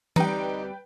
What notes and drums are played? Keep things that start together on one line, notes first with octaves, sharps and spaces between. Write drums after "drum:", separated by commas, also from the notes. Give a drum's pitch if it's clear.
D2 G3 C4 D#4 G4 B4 G5, drum: tom E3